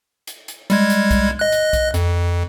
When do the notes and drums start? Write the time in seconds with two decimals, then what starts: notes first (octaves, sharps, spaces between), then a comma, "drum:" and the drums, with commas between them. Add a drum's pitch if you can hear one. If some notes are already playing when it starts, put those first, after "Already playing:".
0.27 drum: hi-hat
0.48 drum: hi-hat
0.70 G3 G#3 G#6, drum: hi-hat
0.90 drum: hi-hat
1.11 drum: kick C2, hi-hat
1.39 D#5 F#6
1.52 drum: hi-hat
1.73 drum: kick C2, hi-hat
1.94 F2, drum: hi-hat